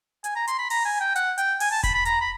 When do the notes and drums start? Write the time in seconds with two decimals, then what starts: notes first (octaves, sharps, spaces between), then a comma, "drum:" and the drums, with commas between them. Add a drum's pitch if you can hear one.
0.24 G#5, drum: hi-hat
0.35 A#5
0.47 C6, drum: hi-hat
0.59 B5
0.70 A#5, drum: open hi-hat
0.85 G#5
1.00 G5
1.16 F#5, drum: hi-hat
1.38 G5, drum: hi-hat
1.60 G#5, drum: open hi-hat
1.71 A5
1.83 B5, drum: kick E1, hi-hat
1.94 B5
2.05 A#5, drum: hi-hat
2.20 B5